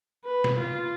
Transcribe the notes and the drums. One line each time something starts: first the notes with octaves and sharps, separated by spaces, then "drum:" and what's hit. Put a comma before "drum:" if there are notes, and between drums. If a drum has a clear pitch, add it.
B4
drum: snare
F4